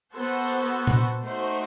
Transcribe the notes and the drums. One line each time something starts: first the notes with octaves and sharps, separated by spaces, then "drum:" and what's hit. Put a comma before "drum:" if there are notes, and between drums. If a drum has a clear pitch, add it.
B3 F#4 A4 C5
drum: tom A#2
A3 D#4 F#4 C5